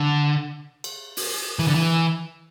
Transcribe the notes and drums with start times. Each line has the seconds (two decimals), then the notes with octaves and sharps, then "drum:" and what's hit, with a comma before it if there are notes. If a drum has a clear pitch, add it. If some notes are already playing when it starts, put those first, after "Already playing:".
Already playing: D3
0.84 drum: cymbal
1.17 drum: open hi-hat
1.59 E3
1.67 D3
1.75 E3